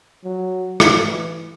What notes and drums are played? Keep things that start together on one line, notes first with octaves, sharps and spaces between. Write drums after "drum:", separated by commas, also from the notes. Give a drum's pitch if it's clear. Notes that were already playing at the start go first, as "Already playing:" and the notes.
F#3
E3, drum: rim click